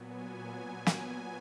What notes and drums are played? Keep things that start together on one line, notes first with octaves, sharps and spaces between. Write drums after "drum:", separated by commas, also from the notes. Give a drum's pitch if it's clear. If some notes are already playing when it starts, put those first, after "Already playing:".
Already playing: A#2 F#3 B3 G#5
G#5
drum: snare